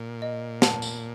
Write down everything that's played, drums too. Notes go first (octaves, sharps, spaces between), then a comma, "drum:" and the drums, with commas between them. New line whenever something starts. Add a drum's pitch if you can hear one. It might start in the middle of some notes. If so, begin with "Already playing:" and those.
Already playing: A#2
D#5
A5, drum: snare
drum: tambourine